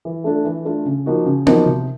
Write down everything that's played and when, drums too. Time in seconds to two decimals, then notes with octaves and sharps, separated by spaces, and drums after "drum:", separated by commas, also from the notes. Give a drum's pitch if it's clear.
0.05 E3
0.24 A3 D4 F4 A4
0.45 E3
0.65 A3 D4 F4 A4
0.86 C#3
1.06 F3 A#3 D#4 F#4
1.26 C#3
1.46 F3 A#3 D#4 F#4, drum: tom B3
1.66 C3